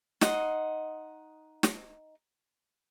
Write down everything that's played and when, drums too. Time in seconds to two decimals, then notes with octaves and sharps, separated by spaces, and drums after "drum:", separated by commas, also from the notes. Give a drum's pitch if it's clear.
0.21 D#4 D#5 F#5 C6, drum: snare
1.63 drum: snare